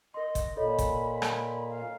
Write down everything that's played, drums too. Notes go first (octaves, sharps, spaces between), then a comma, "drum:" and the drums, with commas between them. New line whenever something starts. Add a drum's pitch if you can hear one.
A#4 D#5 C6
drum: kick G1, hi-hat
A#2 A4 C#5 D#5 B5
drum: kick G1, hi-hat
drum: rim click
F5